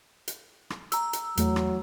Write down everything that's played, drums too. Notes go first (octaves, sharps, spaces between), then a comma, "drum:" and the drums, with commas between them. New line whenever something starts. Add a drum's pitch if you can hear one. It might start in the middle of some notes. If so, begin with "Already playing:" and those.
drum: hi-hat
drum: rim click
A#5 E6, drum: hi-hat
drum: hi-hat
E2 E3 F#3 A3, drum: hi-hat
drum: rim click